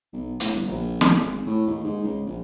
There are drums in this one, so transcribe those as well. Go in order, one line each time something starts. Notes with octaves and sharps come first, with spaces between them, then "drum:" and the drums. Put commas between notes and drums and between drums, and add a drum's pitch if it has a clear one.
B1
A2, drum: hi-hat
G1
A#1
A1, drum: snare
G#1
A2
D#2
G#2
C#2
A#1